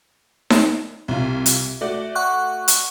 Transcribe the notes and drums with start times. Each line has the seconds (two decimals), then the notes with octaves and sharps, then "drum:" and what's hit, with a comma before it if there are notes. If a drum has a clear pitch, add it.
0.50 drum: snare D#4
1.08 C2 F4
1.46 drum: hi-hat
1.81 A3 F#4 D5
2.15 F#5 C#6 F#6
2.68 drum: hi-hat